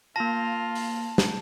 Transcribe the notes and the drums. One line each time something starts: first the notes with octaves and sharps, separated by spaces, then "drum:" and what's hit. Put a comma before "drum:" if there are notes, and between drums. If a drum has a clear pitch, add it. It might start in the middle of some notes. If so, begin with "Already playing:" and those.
A#3 F4 A5 A#6
drum: open hi-hat
drum: snare